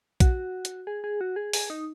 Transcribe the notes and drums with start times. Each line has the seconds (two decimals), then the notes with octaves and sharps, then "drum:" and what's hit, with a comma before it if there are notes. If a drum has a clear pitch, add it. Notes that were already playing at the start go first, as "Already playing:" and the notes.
0.20 F#4, drum: kick A#1, hi-hat
0.65 drum: hi-hat
0.87 G#4
1.04 G#4
1.21 F#4
1.36 G#4
1.53 G#4, drum: open hi-hat
1.70 D#4